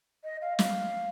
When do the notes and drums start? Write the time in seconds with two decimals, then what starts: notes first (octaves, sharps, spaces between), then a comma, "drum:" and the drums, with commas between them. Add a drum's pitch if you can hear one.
0.24 D#5
0.42 F5
0.59 F5, drum: snare